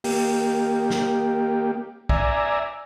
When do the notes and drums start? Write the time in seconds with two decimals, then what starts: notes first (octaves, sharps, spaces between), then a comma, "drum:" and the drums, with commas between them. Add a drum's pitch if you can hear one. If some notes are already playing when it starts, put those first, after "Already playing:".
0.04 A#3 G4, drum: open hi-hat
0.90 drum: snare
2.09 D5 E5 G#5 A#5, drum: kick